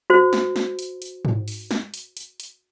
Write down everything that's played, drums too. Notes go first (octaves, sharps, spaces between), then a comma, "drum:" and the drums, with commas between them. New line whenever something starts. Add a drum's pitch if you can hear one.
F#4 C5
drum: snare
drum: snare
drum: hi-hat
drum: hi-hat
drum: tom G#2
drum: open hi-hat
drum: snare
drum: hi-hat
drum: hi-hat
drum: hi-hat